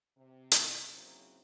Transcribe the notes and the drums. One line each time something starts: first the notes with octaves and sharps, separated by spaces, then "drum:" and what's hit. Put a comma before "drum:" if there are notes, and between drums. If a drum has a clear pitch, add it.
C3
drum: hi-hat
G#2 C#3 F#3 A#3 C4 E4